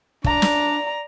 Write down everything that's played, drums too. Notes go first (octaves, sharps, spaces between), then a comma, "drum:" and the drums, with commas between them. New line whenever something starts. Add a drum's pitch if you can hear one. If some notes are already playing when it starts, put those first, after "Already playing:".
D4 D5 A#5, drum: kick
drum: snare